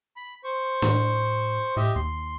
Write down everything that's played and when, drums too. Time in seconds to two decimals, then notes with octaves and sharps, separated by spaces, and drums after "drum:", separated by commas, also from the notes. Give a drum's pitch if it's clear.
0.17 B5
0.44 C5 C#6
0.82 A2, drum: snare
1.77 A2 G4 D#5 E5
1.96 D#2 C6